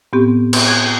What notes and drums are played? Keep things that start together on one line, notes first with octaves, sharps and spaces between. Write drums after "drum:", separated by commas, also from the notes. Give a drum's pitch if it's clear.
A2 B3 C4 G4
drum: cymbal
G#6